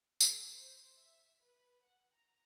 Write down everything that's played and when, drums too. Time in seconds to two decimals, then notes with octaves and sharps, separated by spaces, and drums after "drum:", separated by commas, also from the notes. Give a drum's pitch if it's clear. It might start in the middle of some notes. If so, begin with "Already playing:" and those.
0.20 A4, drum: tambourine
0.56 C5
0.98 E5
1.43 B4
1.85 F#5
2.15 A#5